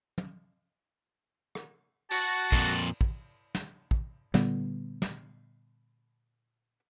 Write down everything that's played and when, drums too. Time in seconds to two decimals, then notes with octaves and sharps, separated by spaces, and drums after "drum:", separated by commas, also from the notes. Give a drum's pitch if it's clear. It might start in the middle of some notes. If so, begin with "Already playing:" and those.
0.18 drum: tom
1.55 drum: rim click
2.11 F#4 A5, drum: cymbal
2.52 F2 A#2, drum: kick
3.01 drum: kick
3.55 drum: snare
3.91 drum: kick
4.34 A#2 D3 G3 B3, drum: snare
5.02 drum: snare